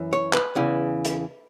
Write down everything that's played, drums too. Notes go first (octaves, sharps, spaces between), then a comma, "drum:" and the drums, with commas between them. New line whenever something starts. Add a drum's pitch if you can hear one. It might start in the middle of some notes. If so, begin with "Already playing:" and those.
Already playing: F#2 E3
C#5
B4, drum: clap
E2 C#3 E3
drum: hi-hat